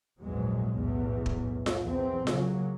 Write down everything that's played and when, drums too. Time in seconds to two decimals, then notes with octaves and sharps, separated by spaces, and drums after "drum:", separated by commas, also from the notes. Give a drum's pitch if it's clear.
0.20 A#1 E2 G#2 B2 F#3 G#3
0.73 B1 E2 A2
1.26 drum: kick
1.66 drum: snare F4
1.85 B1 E2 C4
2.27 C#3 F#3 A#3, drum: snare F4